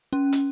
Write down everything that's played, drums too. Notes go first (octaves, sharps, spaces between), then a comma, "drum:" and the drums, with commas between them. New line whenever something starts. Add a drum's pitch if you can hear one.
C#4
drum: hi-hat